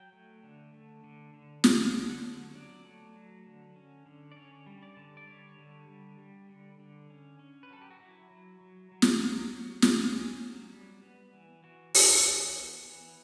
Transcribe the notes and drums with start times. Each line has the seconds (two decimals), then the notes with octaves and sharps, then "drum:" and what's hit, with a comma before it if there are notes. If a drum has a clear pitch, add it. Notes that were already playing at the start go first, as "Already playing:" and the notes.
Already playing: F#3 G5
0.13 A3
0.43 D3
0.74 A3
1.04 D3
1.34 D3
1.64 D3, drum: snare
1.94 D3
2.10 F#5
2.25 F#3
2.55 F#3 D5
2.85 A3
3.16 F#3
3.46 D3
3.76 C#4
4.06 D3
4.32 D5
4.36 C#4 C#5
4.66 G3
4.83 D5
4.97 D3
5.17 D5
5.27 G3 C#5
5.59 D3
5.88 G3
6.19 G3
6.49 D3
6.80 D3
7.10 C#4
7.39 C#4
7.63 B4
7.70 F#3 A4
7.81 G4
7.91 F#4
8.00 F#3 E4
8.31 F#3
8.61 F#3
8.92 F#3
9.02 drum: snare
9.21 F#3
9.52 F#3
9.82 C#4, drum: snare
10.12 C#4
10.42 F#3
10.72 G3
11.03 B3
11.34 E3
11.64 E3 F#4
11.94 B3, drum: open hi-hat
12.24 E3
12.55 B3
12.85 E3